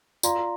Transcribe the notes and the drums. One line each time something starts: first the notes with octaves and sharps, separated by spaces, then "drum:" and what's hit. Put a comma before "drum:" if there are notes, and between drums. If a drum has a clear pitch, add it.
F4 D5 F5 A#5 C6, drum: tambourine